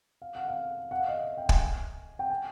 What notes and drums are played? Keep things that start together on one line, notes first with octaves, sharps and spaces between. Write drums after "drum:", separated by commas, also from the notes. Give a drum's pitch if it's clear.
F5
F#5
F5
F#5
F5
D#5
E5
G5
G#5, drum: kick
G5
G#5